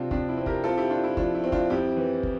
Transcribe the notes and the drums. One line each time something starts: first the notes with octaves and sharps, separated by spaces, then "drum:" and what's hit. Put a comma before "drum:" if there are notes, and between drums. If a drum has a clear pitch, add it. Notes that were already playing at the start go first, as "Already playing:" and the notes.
Already playing: C3 C4 D4 F4
F2 D4, drum: kick
E4
C4
G4 A#4, drum: kick
C4 F4 A4
E4 G4
C4 D4 F4
E4
F3 D4, drum: kick
E4
C4
D4 F4, drum: kick
F2 E4 G4
E3
drum: kick